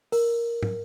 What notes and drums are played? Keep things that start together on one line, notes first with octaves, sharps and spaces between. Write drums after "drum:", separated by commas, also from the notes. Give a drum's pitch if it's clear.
A#4, drum: open hi-hat
drum: tom